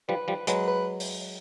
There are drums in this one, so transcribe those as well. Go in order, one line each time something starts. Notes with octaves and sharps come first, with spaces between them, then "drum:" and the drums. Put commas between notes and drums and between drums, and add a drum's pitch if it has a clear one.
F3 G3 B4
F3 G3
F#3 G#3 B4, drum: hi-hat
B4
drum: open hi-hat